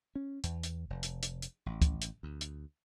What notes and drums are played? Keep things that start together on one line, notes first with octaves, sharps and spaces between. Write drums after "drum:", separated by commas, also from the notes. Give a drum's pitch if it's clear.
C#4
E2, drum: hi-hat
drum: hi-hat
F1
drum: hi-hat
drum: hi-hat
drum: hi-hat
A1
drum: kick, hi-hat
drum: hi-hat
D2
drum: hi-hat